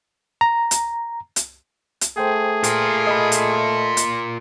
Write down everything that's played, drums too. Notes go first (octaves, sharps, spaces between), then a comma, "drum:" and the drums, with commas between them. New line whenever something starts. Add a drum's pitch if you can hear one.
A#5
drum: hi-hat
drum: hi-hat
drum: hi-hat
A3 G#4 C5 G5
F4 A#4, drum: hi-hat
D#5 B5
drum: hi-hat
drum: hi-hat